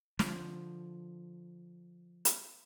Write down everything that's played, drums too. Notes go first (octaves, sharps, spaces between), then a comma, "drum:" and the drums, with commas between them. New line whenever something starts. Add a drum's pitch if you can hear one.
D3 F3, drum: snare
drum: hi-hat